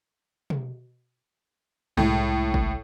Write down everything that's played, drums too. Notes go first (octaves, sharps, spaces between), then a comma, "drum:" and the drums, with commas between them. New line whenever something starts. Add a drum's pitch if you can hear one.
drum: tom B2
C2 A2 G#3, drum: tom B2
drum: kick